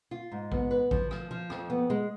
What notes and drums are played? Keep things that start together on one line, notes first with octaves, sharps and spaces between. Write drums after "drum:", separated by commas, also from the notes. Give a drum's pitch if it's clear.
F4
G#2
B3, drum: kick A1
B4
F3, drum: kick A1
F3, drum: rim click
F3
F2, drum: rim click
B3
G#3